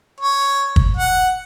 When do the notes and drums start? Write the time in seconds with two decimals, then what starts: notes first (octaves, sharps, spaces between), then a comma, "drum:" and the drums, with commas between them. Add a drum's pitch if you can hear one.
0.20 C#5
0.76 drum: kick
0.96 F#5